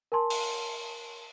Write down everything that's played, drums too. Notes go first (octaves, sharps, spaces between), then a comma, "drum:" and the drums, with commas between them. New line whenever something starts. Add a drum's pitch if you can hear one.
A#4 G#5 A5 C6
drum: open hi-hat